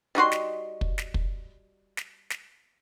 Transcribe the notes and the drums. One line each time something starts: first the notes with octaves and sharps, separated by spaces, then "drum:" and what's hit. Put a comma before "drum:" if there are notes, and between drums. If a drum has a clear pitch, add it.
G3 D#4 F#4 C6
drum: snare
drum: kick
drum: snare
drum: kick
drum: snare
drum: snare